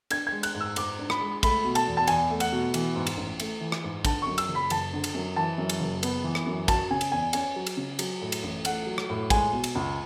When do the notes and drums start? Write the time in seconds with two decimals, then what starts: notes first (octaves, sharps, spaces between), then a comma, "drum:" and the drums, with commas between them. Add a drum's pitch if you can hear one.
0.11 D4 G#6, drum: cymbal
0.27 G#6
0.32 G#3
0.43 F#6, drum: cymbal
0.55 G#2
0.61 E6
0.76 G#2 D6, drum: cymbal
0.99 D4
1.10 B5, drum: rim click
1.21 G#3
1.43 A3 B5, drum: kick, cymbal
1.64 B2
1.75 A5, drum: cymbal
1.87 E2
1.97 A5
2.07 E2 G#5, drum: cymbal
2.30 A3
2.40 F#5, drum: cymbal
2.52 B2
2.74 E3, drum: cymbal
2.96 G#2
3.07 drum: cymbal
3.17 A1
3.40 A3, drum: cymbal
3.61 E3
3.72 drum: rim click
3.84 G#2
4.05 D3 A5, drum: kick, cymbal
4.22 F#2 C#6
4.38 E6, drum: cymbal
4.48 F#1
4.55 B5
4.70 F#1 A5, drum: cymbal
4.93 D3
5.04 drum: cymbal
5.14 F#2
5.36 E3 A5
5.58 F#2
5.69 drum: cymbal
5.80 F#1
6.03 B3, drum: cymbal
6.24 E3
6.35 drum: rim click
6.46 F#2
6.68 F#3 A5, drum: kick, cymbal
6.90 C#3 G#5
7.01 drum: cymbal
7.12 E2 G#5
7.33 C#4 G#5, drum: cymbal
7.56 F#3
7.67 drum: cymbal
7.77 C#3
7.99 F#3, drum: cymbal
8.22 A2
8.32 drum: cymbal
8.43 A1
8.65 A3 F#5, drum: cymbal
8.87 F#3
8.98 drum: rim click
9.10 A2
9.30 G#3 G#5, drum: kick, cymbal
9.53 B2
9.64 drum: cymbal
9.75 C#2